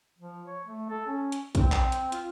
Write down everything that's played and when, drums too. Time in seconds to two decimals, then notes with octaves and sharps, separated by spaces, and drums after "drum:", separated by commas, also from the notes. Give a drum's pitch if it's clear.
0.18 F3
0.47 C#5
0.64 A3
0.89 A4
1.06 C#4
1.32 drum: hi-hat
1.55 C4, drum: kick, hi-hat
1.72 drum: clap
1.92 drum: hi-hat
2.12 F4, drum: hi-hat